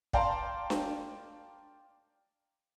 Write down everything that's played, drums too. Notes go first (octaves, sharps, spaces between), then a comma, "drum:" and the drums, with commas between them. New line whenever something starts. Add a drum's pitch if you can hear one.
D5 F5 G5 A5 A#5 C6, drum: kick
drum: snare D4